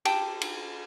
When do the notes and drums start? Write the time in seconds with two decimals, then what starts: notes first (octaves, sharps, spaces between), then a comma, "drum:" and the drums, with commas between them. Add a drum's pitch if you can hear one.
0.05 G4 G5 A5, drum: cymbal
0.41 drum: cymbal